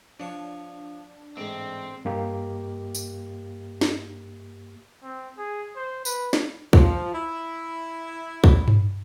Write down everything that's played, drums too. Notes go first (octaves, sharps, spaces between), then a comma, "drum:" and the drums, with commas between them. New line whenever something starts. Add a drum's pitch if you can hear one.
F3 D4 C#5 C#6
A1 G#2 C4
G2 A#3 G4
drum: tambourine
drum: snare
C4
G#4
C5
B4, drum: tambourine
drum: snare
F3, drum: kick C2
E4
drum: kick C2
drum: tom G2